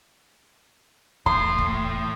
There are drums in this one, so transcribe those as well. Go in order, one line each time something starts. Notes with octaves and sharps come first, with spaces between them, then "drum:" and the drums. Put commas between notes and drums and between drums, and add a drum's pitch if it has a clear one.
E2 A2 C6, drum: kick
drum: kick